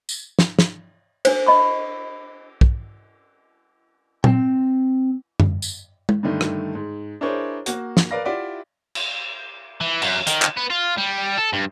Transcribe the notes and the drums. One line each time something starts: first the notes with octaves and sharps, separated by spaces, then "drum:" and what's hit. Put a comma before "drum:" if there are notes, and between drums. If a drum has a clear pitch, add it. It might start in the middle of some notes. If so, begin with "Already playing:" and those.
drum: tambourine
drum: snare
drum: snare
D4 C5, drum: cymbal
D#5 B5 C#6
drum: kick
C4 G5, drum: tom A#2
drum: tom F#2
drum: tambourine
drum: tom G#3
G2 D3 D#3 A3
drum: rim click
G#2
D4 E4 G#4 A#4 C5 C#5
A#3 F#4, drum: hi-hat
drum: snare
A#4 B4 D5 F5 A#6
E4 F4 G4 D5 E5 F#5
drum: cymbal
E3
F#2, drum: cymbal
D#3, drum: hi-hat
drum: clap
B3
F4
G3
A4
G2